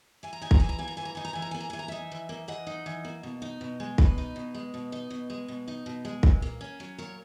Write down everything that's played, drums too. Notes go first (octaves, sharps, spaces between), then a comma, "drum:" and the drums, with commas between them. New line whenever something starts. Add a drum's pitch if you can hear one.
E3 G#5
A#5
D#4 G#5
A#5, drum: kick
E3 G#5
A#5
A#3 G#5
A#5
E3 G#5
A#5
D#4 G#5
A#5
E3 G#5
A#5
A#3 G#5
A#5
E3 G#5
A#5
D#4 E5 G#5
E3
A#3
E3 D#5 F#5
D#4
E3
A#3
B2
D#4
B2
G#3
B2 B4 D#5, drum: kick
D#4
B2
G#3
B2
D#4
B2
G#3
B2
D#4
B2
G#3
A#2, drum: kick
A#3
C#4
F#3
A#2 A#4 C#5